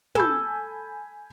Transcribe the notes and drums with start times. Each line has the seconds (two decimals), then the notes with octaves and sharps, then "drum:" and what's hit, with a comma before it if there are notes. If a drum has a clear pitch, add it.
0.15 A4 G#5 B5 G6, drum: tom